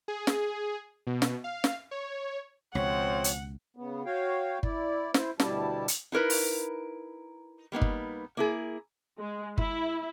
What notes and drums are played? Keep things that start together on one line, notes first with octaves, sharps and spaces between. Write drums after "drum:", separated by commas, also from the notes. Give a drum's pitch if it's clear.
G#4
drum: snare
B2
drum: snare
F5
drum: snare
C#5
C#2 B2 F3 G#3 C4 C#5 F#5
drum: hi-hat
C#3 B3
F#4 C#5 F5 G5
E4 D5, drum: kick G1
E4 C5, drum: snare
D2 B2 G3 E4 G4 A5, drum: snare
drum: hi-hat
D#4 E4 A#4 B4
drum: open hi-hat
G3 A#3 B3 D#4
drum: kick G1
A#3 E4 G#4
G#3
E4, drum: kick G1